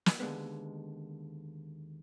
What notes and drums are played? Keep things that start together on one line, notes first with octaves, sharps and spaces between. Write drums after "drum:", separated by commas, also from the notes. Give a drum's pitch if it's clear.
drum: snare
D#2 D3 G#3 B3